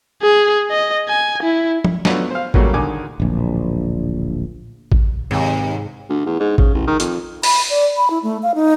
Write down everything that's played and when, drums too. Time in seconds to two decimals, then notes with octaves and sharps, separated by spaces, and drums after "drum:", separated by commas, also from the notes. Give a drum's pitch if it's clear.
0.22 G#4
0.71 D#5
1.08 G#5
1.43 E4
1.84 drum: tom F3
2.05 F#3 A3 B3 D4 F4, drum: snare F#3
2.31 C5 F5
2.54 A#2 C#3 F#3 G3 A3 A#3, drum: kick
2.74 D2 D#3 G#5 D6
3.20 D1 A#1
4.92 drum: kick
5.31 D#2 G#2 C3
6.09 D2
6.26 E2
6.40 G#2
6.58 C#3, drum: kick
6.74 A1
6.87 D#3
7.00 F2, drum: hi-hat
7.43 B5, drum: open hi-hat
7.70 D5
7.97 B5
8.10 E4
8.23 A3
8.43 F5
8.55 D#4